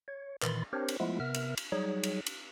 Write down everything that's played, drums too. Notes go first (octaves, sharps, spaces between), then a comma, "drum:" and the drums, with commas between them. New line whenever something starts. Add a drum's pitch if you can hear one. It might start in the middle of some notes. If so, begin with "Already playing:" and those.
C#5
A#2 D#3 E3 B5 C6 A6, drum: clap
C4 D4 G4 A#4 C5 C#5
drum: cymbal
F3 G#3 A3 B3 E4 F4
C3 B3 A#4 E5 F6
drum: cymbal
drum: cymbal
F#3 G3 D#4 G#4 C#5
drum: cymbal
drum: cymbal